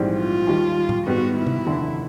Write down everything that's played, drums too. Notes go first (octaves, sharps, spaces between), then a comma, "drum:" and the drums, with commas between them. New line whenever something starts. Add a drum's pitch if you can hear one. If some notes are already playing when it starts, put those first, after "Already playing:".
Already playing: A#1 G#2 E3 G3 C4
F4
D#2 D#3 G3
drum: tom A#2
G#2 D#3 G3 B3 F#4
E4
drum: tom
F1 D#2 D3